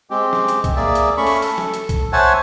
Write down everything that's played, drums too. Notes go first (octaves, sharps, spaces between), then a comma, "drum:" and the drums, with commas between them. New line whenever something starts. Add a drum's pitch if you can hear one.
G#3 C4 G4
drum: snare
drum: hi-hat
drum: kick C2, hi-hat
A#3 G#4 D5 E5
drum: hi-hat
A3 C#4 B5 C#6
drum: open hi-hat
A4, drum: open hi-hat
drum: snare
drum: hi-hat
drum: kick C2, hi-hat
C5 C#5 E5 F#5 G#5 A5